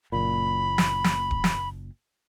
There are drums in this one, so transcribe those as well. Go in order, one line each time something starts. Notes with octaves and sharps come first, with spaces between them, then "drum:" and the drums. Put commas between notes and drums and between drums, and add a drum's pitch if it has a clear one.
F#1 A#2 B5
drum: snare
drum: snare
drum: kick D1
drum: snare